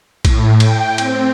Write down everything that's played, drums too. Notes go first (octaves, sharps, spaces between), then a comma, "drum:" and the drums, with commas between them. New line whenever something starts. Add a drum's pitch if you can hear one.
A2, drum: kick A#1, cymbal
G5, drum: cymbal
C4, drum: cymbal